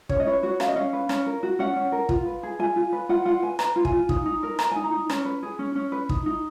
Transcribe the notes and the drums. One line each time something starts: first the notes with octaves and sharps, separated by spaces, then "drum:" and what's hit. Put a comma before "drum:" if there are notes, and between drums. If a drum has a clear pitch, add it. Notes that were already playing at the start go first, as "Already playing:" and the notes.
C#4 C#5, drum: kick
D#5
B4 C#5
F#4 C#5
C#4 F5, drum: rim click
D#5
C#4 F5
B4
C#4, drum: rim click
A#4
F#4
C#4 F#5
C#4
A#4
F4, drum: kick
B4
G#4
F4 G#5
F4
B4
F4 F#5
F4 F#5
B4 G#5
B4 A#5, drum: rim click
F4
G#5, drum: kick
F4
D#4, drum: kick
D#4
A#4
A#4 A#5, drum: rim click
D#4 G#5
A#5
D#4
C#4, drum: rim click
B4
G#4
C#4
C#4
B4
D#4, drum: kick
D#4